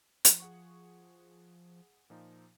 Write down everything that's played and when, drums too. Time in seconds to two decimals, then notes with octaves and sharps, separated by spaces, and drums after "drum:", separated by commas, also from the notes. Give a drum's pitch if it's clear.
0.25 F3, drum: hi-hat
0.40 G#4 F#5 C#6
2.10 A#2 F3 D#4